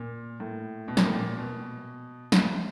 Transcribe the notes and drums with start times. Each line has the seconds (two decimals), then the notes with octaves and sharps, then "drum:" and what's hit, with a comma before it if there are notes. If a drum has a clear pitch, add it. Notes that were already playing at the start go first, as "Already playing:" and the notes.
Already playing: A#2
0.40 A2
0.88 B2
0.97 A#2, drum: snare
1.06 A2
1.13 A#2
1.37 B2
2.32 drum: snare